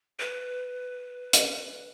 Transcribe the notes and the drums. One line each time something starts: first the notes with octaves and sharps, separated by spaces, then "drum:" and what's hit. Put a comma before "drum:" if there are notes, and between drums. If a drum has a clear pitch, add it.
B4
drum: hi-hat